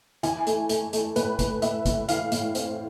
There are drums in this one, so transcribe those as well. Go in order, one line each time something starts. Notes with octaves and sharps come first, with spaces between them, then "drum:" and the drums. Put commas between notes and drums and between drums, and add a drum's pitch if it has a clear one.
E3 G#5, drum: hi-hat
A3, drum: hi-hat
A3, drum: hi-hat
A3, drum: hi-hat
A2 B4, drum: hi-hat
A2, drum: kick, hi-hat
A2 E5, drum: hi-hat
A2, drum: kick, hi-hat
E3 F5, drum: hi-hat
A2, drum: hi-hat
C4, drum: hi-hat